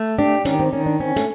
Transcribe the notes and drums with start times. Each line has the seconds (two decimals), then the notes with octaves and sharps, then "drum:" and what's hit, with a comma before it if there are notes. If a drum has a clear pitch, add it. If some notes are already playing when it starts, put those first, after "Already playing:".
Already playing: A3
0.18 D4 G4
0.45 D#3 C#4, drum: hi-hat
0.60 C4
0.73 D#3 C#4
0.86 D4
1.00 C4 C#4
1.16 A3, drum: hi-hat